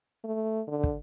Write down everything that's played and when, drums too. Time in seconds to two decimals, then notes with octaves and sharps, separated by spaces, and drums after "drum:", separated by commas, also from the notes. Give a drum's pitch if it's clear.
0.24 A3
0.67 D3
0.83 drum: kick